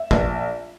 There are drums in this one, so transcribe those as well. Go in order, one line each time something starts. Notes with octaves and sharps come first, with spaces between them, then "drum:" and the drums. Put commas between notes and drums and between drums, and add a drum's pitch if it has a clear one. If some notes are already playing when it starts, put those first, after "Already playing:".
Already playing: E5
A#1, drum: kick G#1